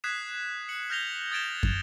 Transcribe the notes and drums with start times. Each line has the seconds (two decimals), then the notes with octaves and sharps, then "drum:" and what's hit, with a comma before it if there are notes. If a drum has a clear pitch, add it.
0.04 D#6 F#6 G#6 B6 C7 E7
0.69 C#7 F#7
0.90 F6 G6 A#6 F7 G7
1.31 D#6 G#6 A6 D7 E7 G7
1.63 drum: kick